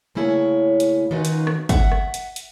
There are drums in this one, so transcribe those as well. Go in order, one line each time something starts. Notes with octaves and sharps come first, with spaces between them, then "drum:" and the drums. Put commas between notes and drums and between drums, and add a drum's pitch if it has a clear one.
C#3 A3 A#3 E4 G#4 C#5
drum: hi-hat
D#3 C#4 D#4 F4 F#4 B4
drum: hi-hat
drum: rim click
E5 F#5, drum: kick, hi-hat
drum: rim click
drum: hi-hat
drum: hi-hat